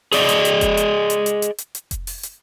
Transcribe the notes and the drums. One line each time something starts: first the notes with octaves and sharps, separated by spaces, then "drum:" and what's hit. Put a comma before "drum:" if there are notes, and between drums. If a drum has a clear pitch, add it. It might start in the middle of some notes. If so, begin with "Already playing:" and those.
G#4 D5 D#5, drum: open hi-hat
drum: hi-hat
drum: hi-hat
drum: kick F1, hi-hat
drum: hi-hat
drum: hi-hat
drum: hi-hat
drum: hi-hat
drum: hi-hat
drum: hi-hat
drum: kick F1, hi-hat
drum: open hi-hat
drum: hi-hat